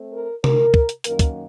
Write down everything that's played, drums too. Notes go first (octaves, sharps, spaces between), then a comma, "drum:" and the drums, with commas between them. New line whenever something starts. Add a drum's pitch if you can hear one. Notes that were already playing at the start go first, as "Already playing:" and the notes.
Already playing: A3 C4
A#4
A#4, drum: tom C3
drum: kick
drum: hi-hat
F#2 D#3 A#3 A#4, drum: hi-hat
drum: kick, hi-hat